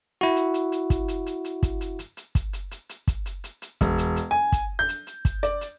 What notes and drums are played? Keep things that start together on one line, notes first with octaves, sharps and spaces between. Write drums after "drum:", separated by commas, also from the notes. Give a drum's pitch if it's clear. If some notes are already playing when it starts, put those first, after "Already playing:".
E4 F#4
drum: hi-hat
drum: hi-hat
drum: hi-hat
drum: kick, hi-hat
drum: hi-hat
drum: hi-hat
drum: hi-hat
drum: kick, hi-hat
drum: hi-hat
drum: hi-hat
drum: hi-hat
drum: kick, hi-hat
drum: hi-hat
drum: hi-hat
drum: hi-hat
drum: kick, hi-hat
drum: hi-hat
drum: hi-hat
drum: hi-hat
E1, drum: kick, hi-hat
drum: hi-hat
drum: hi-hat
G#5
drum: kick, hi-hat
G6
drum: hi-hat
drum: hi-hat
drum: kick, hi-hat
D5, drum: hi-hat
drum: hi-hat